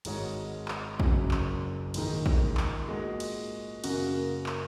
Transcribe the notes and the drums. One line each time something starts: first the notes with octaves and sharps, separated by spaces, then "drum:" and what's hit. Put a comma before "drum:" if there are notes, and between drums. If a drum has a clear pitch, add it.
G#1 G#2 G#3 F#4 C#5, drum: cymbal
drum: clap
F#1 F#2 F#3, drum: kick
drum: clap
A#1 G#2 D#3 G#3, drum: cymbal
drum: kick
drum: clap
A#2 G#3 F#4
drum: cymbal
F#2 C#3 A#3 F#4, drum: cymbal
drum: clap